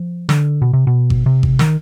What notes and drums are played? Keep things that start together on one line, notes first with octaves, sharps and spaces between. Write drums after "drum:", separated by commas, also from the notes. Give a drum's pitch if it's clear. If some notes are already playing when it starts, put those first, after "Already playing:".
Already playing: F3
D3, drum: snare
B2
C3
B2
drum: kick G#1
C3
drum: kick G#1
D#3, drum: snare